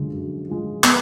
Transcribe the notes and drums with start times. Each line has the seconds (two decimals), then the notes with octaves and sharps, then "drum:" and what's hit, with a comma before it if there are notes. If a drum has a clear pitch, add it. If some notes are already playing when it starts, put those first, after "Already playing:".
Already playing: F#2 D3 F3 G#3
0.13 F#2
0.49 F3 G#3
0.84 B3, drum: clap